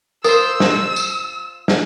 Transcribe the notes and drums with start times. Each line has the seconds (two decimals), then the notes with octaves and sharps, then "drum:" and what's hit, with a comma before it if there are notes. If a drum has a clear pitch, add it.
0.24 F4 A#4 C5 D#6 E6, drum: tambourine
0.60 drum: snare
0.96 drum: tambourine
1.68 drum: snare